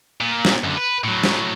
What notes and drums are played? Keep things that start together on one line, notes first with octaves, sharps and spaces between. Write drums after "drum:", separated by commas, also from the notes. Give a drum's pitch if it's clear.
A#2
drum: snare
F#2 D3
B4
A2 F#3
drum: snare